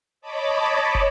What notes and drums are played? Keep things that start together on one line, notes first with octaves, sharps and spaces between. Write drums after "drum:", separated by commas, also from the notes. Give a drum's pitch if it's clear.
C#5 D#5 A5 B5 D6
drum: kick